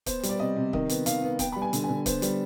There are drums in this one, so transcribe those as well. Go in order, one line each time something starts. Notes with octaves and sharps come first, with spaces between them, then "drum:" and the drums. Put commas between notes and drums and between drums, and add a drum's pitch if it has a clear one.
B3 C5, drum: kick C#1, hi-hat
G3, drum: hi-hat
D5
C3 D#5
C3
D#3 D#5, drum: kick C#1
B3, drum: hi-hat
D#3 F5, drum: hi-hat
B3
B3 G5, drum: kick C#1, hi-hat
G3 B5
G#5
D3, drum: hi-hat
G#5
D3
B3 C5, drum: kick C#1, hi-hat
G3, drum: hi-hat